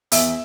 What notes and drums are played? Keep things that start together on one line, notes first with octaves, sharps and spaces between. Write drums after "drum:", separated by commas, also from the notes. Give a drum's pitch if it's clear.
E2 E5, drum: open hi-hat